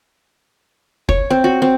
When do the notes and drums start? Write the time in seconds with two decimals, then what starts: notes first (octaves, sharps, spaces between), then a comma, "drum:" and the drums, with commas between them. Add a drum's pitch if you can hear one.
1.09 C#5, drum: kick
1.30 C4
1.44 F#4
1.62 C4